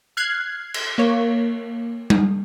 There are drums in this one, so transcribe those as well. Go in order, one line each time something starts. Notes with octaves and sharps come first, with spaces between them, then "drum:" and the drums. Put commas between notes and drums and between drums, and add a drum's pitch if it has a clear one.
F6 F#6 G#6 C7
drum: cymbal
A#3 C#5
drum: tom G3